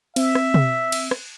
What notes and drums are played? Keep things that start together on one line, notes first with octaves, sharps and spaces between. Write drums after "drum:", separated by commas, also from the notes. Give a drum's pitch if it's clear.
C4 E5, drum: cymbal
drum: rim click
drum: tom
drum: cymbal
drum: rim click